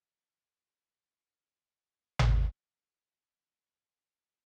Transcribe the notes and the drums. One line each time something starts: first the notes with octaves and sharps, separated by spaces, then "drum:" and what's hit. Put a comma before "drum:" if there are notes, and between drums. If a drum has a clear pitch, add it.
C#5
C5
F3 G3 B3 F#4
F#3 D4 G4
drum: tom G#1
G2
A#1